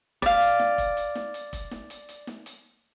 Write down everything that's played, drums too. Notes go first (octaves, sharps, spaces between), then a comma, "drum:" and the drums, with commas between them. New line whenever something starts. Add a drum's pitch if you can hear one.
D5 F5, drum: kick, hi-hat
drum: hi-hat
drum: snare
drum: kick, hi-hat
drum: hi-hat
drum: snare
drum: hi-hat
drum: kick, hi-hat
drum: snare
drum: hi-hat
drum: hi-hat
drum: snare
drum: hi-hat